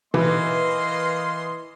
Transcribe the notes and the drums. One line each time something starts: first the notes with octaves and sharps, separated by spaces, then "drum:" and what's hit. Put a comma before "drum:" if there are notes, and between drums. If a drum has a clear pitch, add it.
E3 A#3 D#5 C6, drum: tom B2